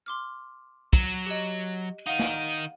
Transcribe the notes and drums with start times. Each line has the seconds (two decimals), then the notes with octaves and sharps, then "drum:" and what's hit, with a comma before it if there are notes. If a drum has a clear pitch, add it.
0.06 C6 D6 F6
0.93 F#3, drum: kick
1.26 G4 D#5
2.06 D#3 D#4 F5 F#5
2.19 drum: snare